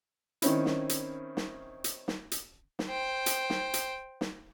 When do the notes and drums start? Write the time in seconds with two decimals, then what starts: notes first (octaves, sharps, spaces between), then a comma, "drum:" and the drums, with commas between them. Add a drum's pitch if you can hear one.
0.42 D#3 C4 C#4 E4, drum: hi-hat
0.66 drum: snare
0.89 drum: hi-hat
1.37 drum: snare
1.84 drum: hi-hat
2.08 drum: snare
2.31 drum: hi-hat
2.79 drum: snare
2.89 C5 G5
3.26 drum: hi-hat
3.50 drum: snare
3.74 drum: hi-hat
4.21 drum: snare